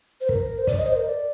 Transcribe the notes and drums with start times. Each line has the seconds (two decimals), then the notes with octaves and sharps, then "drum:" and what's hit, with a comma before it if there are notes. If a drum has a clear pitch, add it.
0.21 C5
0.29 A#4, drum: kick
0.58 C5
0.67 D5, drum: kick, hi-hat
0.77 D#5
0.86 C5
0.96 A#4
1.06 D5